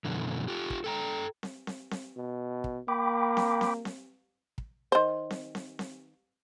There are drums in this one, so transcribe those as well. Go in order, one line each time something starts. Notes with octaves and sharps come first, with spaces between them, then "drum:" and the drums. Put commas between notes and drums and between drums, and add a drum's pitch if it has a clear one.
F#2 B2 D3 E3
F4 G4
drum: kick
A4 G5 A#5
drum: snare C4
drum: snare C4
drum: snare C4
B2
drum: kick
A#3 G5 B5 D6
drum: snare C4
drum: snare C4
drum: snare C4
drum: kick
D#3 C5
drum: snare C4
drum: snare C4
drum: snare C4